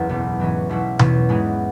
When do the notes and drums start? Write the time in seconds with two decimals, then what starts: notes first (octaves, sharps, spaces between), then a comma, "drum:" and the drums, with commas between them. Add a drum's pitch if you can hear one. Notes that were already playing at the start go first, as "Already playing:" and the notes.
Already playing: F#1 E2 F#3 C#4
0.09 B1 B2 B3
0.40 G#2 E3 C#4
0.69 B1 B2 F#3 E4
0.99 E2 E3 C#4, drum: tom B2
1.29 G#2 E3 G#3 B3 G#4